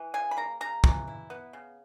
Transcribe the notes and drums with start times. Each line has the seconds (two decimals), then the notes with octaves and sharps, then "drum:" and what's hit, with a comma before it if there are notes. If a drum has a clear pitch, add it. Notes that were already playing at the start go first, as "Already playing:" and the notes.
Already playing: E3
0.14 C#3 G#5
0.31 B5
0.37 A#3 A#5
0.61 C#3 A#5
0.84 E3, drum: kick
1.07 E4
1.30 B3
1.53 C#3